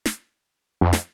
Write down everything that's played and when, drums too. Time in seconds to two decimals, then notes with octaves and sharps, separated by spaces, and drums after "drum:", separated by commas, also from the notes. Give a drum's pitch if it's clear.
0.06 drum: snare
0.81 F2
0.93 drum: snare